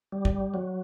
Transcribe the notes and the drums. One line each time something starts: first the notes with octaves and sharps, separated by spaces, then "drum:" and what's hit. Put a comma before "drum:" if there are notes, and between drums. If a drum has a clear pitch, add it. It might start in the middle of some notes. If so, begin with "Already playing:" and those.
G3
drum: kick
F#3